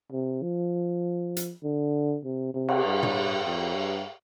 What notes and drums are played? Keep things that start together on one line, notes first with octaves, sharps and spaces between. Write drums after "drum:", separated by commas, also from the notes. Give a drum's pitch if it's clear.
C3
F3
drum: hi-hat
D3
C3
C3
drum: cymbal
G2
drum: tom
F2
G2